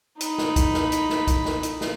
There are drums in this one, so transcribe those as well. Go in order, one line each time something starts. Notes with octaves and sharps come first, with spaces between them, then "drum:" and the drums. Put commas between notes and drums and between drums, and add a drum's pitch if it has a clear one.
D#4 B5, drum: hi-hat
drum: snare
drum: kick C2, hi-hat
drum: snare
drum: hi-hat
drum: snare
drum: kick C2, hi-hat
drum: snare
drum: hi-hat
drum: snare